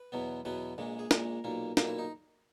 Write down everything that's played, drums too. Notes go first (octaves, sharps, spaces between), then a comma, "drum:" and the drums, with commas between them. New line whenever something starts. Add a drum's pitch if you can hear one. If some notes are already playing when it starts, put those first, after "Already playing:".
Already playing: B4
E2 B2 F#3 B3
E2 B2 F#3 B3 B4
A#1 A#2 G#3
G#4
A#1 A#2 G#3 A#4, drum: snare
B1 A#2 A#3
B1 A#2 A#3 F#4, drum: snare
E4
D#4